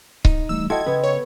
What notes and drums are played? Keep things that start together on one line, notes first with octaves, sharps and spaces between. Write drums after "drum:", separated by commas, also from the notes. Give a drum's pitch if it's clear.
D#4, drum: kick C#1
E3 G3 A3 E6
E4 F#4 A4 D#5 G5 C6 G#6
C#3 B3
C#5